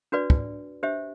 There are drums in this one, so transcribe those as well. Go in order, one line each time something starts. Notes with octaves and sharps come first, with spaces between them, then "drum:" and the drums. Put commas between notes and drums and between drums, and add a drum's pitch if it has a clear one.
D4 F#4 B4 D5
drum: kick
D4 G4 C5 E5